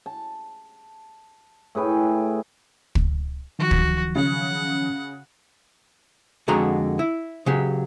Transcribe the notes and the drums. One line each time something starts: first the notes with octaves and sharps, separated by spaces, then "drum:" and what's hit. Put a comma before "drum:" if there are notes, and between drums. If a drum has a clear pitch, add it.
A5
A2 G#4 B4 G5
drum: kick
D#3 F3 F#3 F#4
drum: kick
C#3 F#5
F2 D3 G#3 F#4 A#5
E4
C#3 F#3 G4